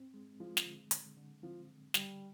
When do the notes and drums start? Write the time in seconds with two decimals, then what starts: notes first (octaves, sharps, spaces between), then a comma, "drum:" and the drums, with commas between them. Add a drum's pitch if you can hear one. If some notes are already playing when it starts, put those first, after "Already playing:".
Already playing: C4
0.14 G#3
0.40 F3 G#3
0.57 drum: snare
0.66 D3
0.91 D3, drum: hi-hat
1.17 D3
1.43 F3 C4
1.68 D3
1.94 D3 G3, drum: snare